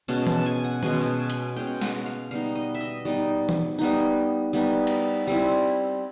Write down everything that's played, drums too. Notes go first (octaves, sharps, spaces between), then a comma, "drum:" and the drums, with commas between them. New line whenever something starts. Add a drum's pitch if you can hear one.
B2 G#3 C#4 A5
A5, drum: tom E3
G#5
F#5
B2 G#3 C#4 G#5, drum: tom D#3
A5
G#5
drum: hi-hat
B2 G#3 C#4 G5
F#5, drum: snare
F5
G3 B3 D#4 F5
D#5
E5
D#5
G3 B3 D#4 D5
drum: tom E3
G3 B3 D#4
G3 B3 D#4
drum: cymbal
G3 C4 E4